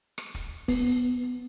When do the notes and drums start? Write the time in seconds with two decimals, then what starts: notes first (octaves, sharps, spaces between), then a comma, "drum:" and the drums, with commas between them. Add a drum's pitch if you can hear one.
0.18 drum: rim click
0.35 drum: kick E1, hi-hat
0.68 B3, drum: kick E1, open hi-hat